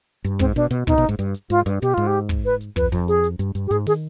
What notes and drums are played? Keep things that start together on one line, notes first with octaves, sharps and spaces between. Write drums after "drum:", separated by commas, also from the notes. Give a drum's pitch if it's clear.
G2, drum: hi-hat
G#2 C4, drum: kick, hi-hat
B2 D4
B2, drum: hi-hat
B2 D#4, drum: kick, hi-hat
B2
G#2
G2, drum: hi-hat
drum: hi-hat
G#2 F4, drum: hi-hat
G2, drum: hi-hat
B2 G4, drum: hi-hat
G#2 F4
G4
drum: kick, hi-hat
B4
drum: hi-hat
F2 B4, drum: kick, hi-hat
F2, drum: hi-hat
G#4, drum: hi-hat
drum: hi-hat
G2, drum: hi-hat
G2, drum: hi-hat
G4
G#2 G#4, drum: hi-hat
D#3 G#4, drum: open hi-hat